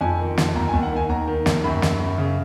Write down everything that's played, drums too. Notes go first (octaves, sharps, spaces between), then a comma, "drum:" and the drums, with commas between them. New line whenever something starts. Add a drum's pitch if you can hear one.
F2 G#5
D#3
F2, drum: snare
D#2 A#5
G#5
D#2
F#5
D#3 G#5
D#2 A#5
D#3
D#2, drum: snare
F#2 B5
F#2, drum: snare
F#2
C#3